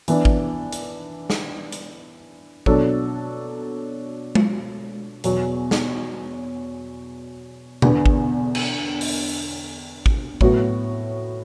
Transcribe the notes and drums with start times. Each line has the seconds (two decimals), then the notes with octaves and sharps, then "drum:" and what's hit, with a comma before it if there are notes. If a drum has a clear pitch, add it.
0.08 E3 B3 D4, drum: hi-hat
0.25 drum: kick G#1
0.73 drum: hi-hat
1.30 drum: snare
1.72 drum: hi-hat
2.66 B2 F#3 D4 A4, drum: kick G#1
4.35 drum: tom G#3
5.24 E2 B2 F#3, drum: hi-hat
5.71 drum: snare
7.82 E2 D3 B3, drum: tom B2
8.06 drum: kick G#1
8.55 drum: cymbal
9.01 drum: open hi-hat
10.06 drum: kick G#1
10.41 A2 F#3 B3 F#4, drum: kick G#1